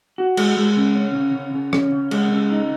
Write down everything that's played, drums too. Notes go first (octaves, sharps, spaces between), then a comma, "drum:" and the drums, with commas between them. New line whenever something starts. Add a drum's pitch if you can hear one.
F#4
G#3, drum: cymbal
G#3
C#3
C#4
C#3
C#3
C#3
C#4, drum: rim click
C#3
G#3, drum: cymbal
C#3
D#4